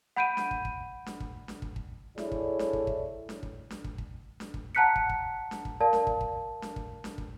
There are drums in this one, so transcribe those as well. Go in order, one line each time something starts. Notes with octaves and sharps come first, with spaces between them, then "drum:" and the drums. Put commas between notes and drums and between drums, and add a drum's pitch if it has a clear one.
F#5 B5 G6 D7 D#7
drum: snare D4
drum: kick
drum: kick
drum: snare D4
drum: kick
drum: snare D4
drum: kick
drum: kick
E4 G#4 A4 C#5 D5, drum: snare D4
drum: kick
drum: snare D4
drum: kick
drum: kick
drum: snare D4
drum: kick
drum: snare D4
drum: kick
drum: kick
drum: snare D4
drum: kick
F#5 A5 A#5 F#6 B6 C#7
drum: kick
drum: kick
drum: snare D4
drum: kick
A#4 D5 F5 A5
drum: snare D4
drum: kick
drum: kick
drum: snare D4
drum: kick
drum: snare D4
drum: kick